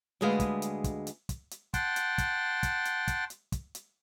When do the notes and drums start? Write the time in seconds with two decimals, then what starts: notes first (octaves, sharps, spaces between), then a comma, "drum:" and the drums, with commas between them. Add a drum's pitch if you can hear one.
0.21 D2 G3 G#3 G#4 B4 F5
0.40 drum: kick, hi-hat
0.62 drum: hi-hat
0.84 drum: kick, hi-hat
1.07 drum: hi-hat
1.29 drum: kick, hi-hat
1.51 drum: hi-hat
1.74 F#5 G5 A5 C6, drum: kick, hi-hat
1.96 drum: hi-hat
2.18 drum: kick, hi-hat
2.63 drum: kick, hi-hat
2.85 drum: hi-hat
3.08 drum: kick, hi-hat
3.30 drum: hi-hat
3.52 drum: kick, hi-hat
3.75 drum: hi-hat